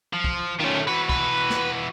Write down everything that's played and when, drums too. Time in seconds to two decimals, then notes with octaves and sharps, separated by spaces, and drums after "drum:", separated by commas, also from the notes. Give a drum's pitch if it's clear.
0.13 F3
0.24 drum: kick
0.60 D#3 A3 C#4 F4
0.87 E3 F#4 B4
1.09 B4, drum: kick
1.50 drum: snare